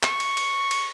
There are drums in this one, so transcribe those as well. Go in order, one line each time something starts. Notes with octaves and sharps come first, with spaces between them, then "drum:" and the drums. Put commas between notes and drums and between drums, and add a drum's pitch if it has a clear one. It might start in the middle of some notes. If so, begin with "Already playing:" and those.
C#6, drum: clap
drum: cymbal
drum: cymbal
drum: cymbal